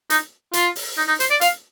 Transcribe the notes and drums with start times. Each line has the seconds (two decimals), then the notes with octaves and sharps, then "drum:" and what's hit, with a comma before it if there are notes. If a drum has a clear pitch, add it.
0.10 D#4, drum: hi-hat
0.53 F4, drum: hi-hat
0.76 drum: open hi-hat
0.97 D#4
1.08 D#4
1.20 C5, drum: hi-hat
1.30 D5
1.41 F5, drum: hi-hat